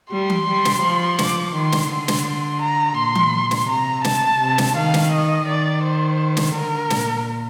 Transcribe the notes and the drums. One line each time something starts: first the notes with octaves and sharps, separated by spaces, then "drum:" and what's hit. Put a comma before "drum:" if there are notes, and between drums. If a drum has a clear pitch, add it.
G3 C6
drum: tom E3
G3
drum: snare
F3
D6, drum: snare
D#3 C6
drum: snare
D3 C6
drum: snare
A#5
A#2 C6
drum: tom E3
drum: snare
C3 A#5
A5, drum: snare
C3
drum: snare
D#3 F5
drum: snare
D#5
D#3 D5
C5
drum: snare
D3 A#4
A#2, drum: snare